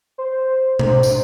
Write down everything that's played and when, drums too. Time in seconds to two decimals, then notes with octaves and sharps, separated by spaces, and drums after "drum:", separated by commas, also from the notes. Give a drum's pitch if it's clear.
0.18 C5
0.79 drum: tom B2
1.03 drum: tambourine